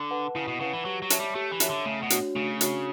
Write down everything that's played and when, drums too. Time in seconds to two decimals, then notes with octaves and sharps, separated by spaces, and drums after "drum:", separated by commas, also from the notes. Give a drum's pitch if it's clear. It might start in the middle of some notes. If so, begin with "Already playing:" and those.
Already playing: D3
0.11 B4 F#5 A5
0.35 C#3 E4
0.48 B2
0.60 C#3 B4 F#5 A5
0.73 E3
0.85 F#3 G4
1.02 F#3
1.10 C#5 E5 A5, drum: hi-hat
1.19 G3
1.35 A3 G4
1.52 E3
1.60 C#5 E5 A5, drum: hi-hat
1.69 D3
1.85 C#3 A3
2.02 B2
2.10 D4 F#4 C#5, drum: hi-hat
2.35 C#3 A3
2.61 D4 F#4 C#5, drum: hi-hat